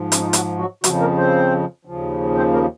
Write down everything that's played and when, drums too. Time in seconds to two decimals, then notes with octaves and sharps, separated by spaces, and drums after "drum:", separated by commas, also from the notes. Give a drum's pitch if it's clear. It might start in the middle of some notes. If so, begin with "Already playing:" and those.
Already playing: G#2 F3
0.12 C#4, drum: hi-hat
0.19 D#4
0.26 F4
0.33 F#3 F#4, drum: hi-hat
0.58 F#3 F#4
0.84 F2 C#3 F3 F#3 F#4, drum: hi-hat
1.00 A#3 A#4
1.18 C4 C5
1.85 D#2 C#3 F3
2.37 C4 C5
2.53 A#3 A#4